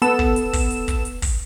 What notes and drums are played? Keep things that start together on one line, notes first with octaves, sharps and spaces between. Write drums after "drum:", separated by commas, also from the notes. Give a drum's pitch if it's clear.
B3 A4 E6 E7, drum: hi-hat
drum: kick
drum: hi-hat
drum: kick, open hi-hat
drum: hi-hat
drum: kick, hi-hat
drum: hi-hat
drum: kick, open hi-hat